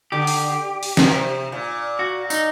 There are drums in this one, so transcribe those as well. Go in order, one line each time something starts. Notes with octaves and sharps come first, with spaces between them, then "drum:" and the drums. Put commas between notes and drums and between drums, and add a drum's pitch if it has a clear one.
D3 G4
drum: open hi-hat
drum: open hi-hat
D3, drum: snare
C3
A#2
F#4
D#4, drum: tambourine